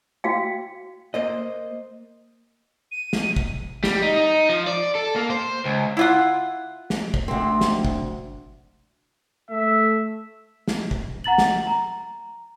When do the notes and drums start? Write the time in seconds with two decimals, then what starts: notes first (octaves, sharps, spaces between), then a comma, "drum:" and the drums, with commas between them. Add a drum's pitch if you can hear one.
0.24 F#4 F5 G5
1.14 A#3 C5 D#5
2.92 D#7
3.13 drum: snare
3.36 drum: kick
3.84 G3, drum: snare
4.02 D#4
4.16 D#4
4.49 F3
4.67 D5
4.95 A4
5.16 A#3
5.30 C5
5.65 C#2
5.97 E4 F4 F#5
6.90 drum: snare
7.14 drum: kick
7.28 D2 C4
7.61 drum: snare
7.85 drum: kick
9.50 A3 E5
10.68 drum: snare
10.91 drum: kick
11.24 F#5 A#5 A6 F#7
11.38 drum: snare
11.67 A#5